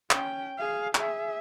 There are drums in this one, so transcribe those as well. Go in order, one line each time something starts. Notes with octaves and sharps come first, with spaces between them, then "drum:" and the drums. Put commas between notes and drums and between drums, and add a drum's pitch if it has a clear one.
C#4 G5, drum: clap
G#4 F5
G#4 E5, drum: clap